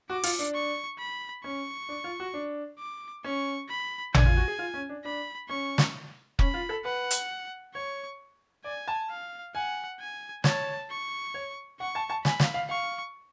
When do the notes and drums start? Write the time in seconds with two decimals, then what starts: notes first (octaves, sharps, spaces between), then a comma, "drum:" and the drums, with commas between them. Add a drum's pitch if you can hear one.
0.10 F#4 D6
0.24 F4, drum: open hi-hat
0.39 D4
0.54 C#6
0.99 B5
1.44 C#4 C#6
1.89 D4
2.04 F4
2.20 F#4
2.34 D4
2.79 D6
3.24 C#4 C#6
3.69 B5
4.14 D4 G#5, drum: tom A1
4.26 F4
4.37 F#4
4.48 G#4
4.59 F4
4.74 C#4
4.89 D4
5.05 D4 B5
5.49 C#4 C#6
5.78 drum: snare
6.39 C#4 B5, drum: kick
6.54 F4
6.69 A4
6.84 B4 F#5
7.11 drum: hi-hat
7.74 C#5 C#6
8.64 D5 G#5
8.88 A5
9.10 F5
9.55 F#5 G#5
10.00 G#5
10.44 C#5 A5, drum: snare
10.90 C#6
11.34 C#5
11.80 F#5 C#6
11.95 A5
12.10 A5
12.25 G#5 B5, drum: snare
12.40 F5, drum: snare
12.54 F5
12.69 F5 C#6